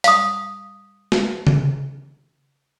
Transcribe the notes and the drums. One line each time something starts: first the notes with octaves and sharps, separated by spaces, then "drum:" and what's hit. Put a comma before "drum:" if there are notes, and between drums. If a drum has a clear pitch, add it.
F5 D#6, drum: hi-hat
drum: snare
drum: tom C#3